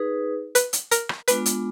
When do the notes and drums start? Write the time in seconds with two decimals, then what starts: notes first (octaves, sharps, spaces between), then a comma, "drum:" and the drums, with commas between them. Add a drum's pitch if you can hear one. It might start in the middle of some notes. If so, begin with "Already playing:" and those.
Already playing: D#4 G#4 B4
0.55 B4, drum: hi-hat
0.73 drum: hi-hat
0.91 A#4, drum: hi-hat
1.09 drum: rim click
1.28 G#3 B3 D4 F4 B4, drum: hi-hat
1.46 drum: hi-hat